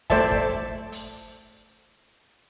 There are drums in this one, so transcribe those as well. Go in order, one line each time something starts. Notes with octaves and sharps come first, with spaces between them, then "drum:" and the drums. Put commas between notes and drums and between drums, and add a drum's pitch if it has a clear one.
A3 A4 C5 D5 E5 A5, drum: kick
drum: kick
drum: hi-hat